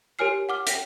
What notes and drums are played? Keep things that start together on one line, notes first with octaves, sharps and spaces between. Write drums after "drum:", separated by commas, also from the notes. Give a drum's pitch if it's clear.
G4 A#4 C#5 G#5 F6 C7
F#5 D6 F6
G5 A#6 B6, drum: hi-hat